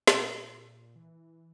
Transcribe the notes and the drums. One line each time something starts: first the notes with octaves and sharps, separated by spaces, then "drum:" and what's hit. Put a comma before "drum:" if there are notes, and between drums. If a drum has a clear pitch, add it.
B2, drum: snare
A#2
E3